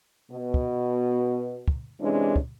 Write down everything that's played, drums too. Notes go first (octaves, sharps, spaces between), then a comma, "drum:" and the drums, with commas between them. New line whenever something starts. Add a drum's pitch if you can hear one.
B2
drum: kick
drum: kick
C3 E3 G#3 C#4 D4
drum: kick